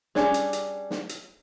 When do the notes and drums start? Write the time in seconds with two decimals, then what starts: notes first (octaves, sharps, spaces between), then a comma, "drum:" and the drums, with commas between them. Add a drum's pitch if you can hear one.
0.15 G3 C#4 D4 G#4, drum: snare
0.34 drum: hi-hat
0.53 drum: hi-hat
0.90 drum: snare
1.09 drum: hi-hat